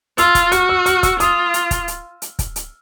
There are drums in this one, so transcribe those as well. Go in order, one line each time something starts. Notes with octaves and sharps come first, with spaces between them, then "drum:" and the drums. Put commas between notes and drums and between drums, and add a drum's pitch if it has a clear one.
F4 E6, drum: hi-hat
drum: kick, hi-hat
F#4 F6, drum: hi-hat
E6
F6, drum: hi-hat
E6, drum: kick, hi-hat
F4 D#6, drum: hi-hat
drum: hi-hat
drum: kick, hi-hat
drum: hi-hat
drum: hi-hat
drum: kick, hi-hat
drum: hi-hat